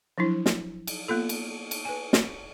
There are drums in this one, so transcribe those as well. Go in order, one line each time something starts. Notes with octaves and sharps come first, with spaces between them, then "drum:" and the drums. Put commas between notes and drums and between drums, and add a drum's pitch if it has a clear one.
F3 F#3 D4 E4
drum: snare
drum: cymbal
A#3 B3 F4 A4
drum: cymbal
drum: cymbal
B4 G#5
drum: snare